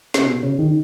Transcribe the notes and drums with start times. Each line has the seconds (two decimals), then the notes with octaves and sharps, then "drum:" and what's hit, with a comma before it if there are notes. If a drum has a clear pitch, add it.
0.14 C#3, drum: snare
0.26 B2
0.43 C#3
0.59 D#3